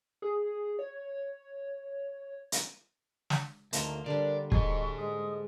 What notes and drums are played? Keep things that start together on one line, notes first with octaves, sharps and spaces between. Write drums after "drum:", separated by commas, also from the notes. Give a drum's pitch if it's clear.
G#4
C#5
drum: hi-hat
drum: snare
D2 D#3 A#3 C5 A5, drum: hi-hat
D3 G3 D4 A#4 D5
G#4 C5 D#5 C#6, drum: kick
G#3 D#6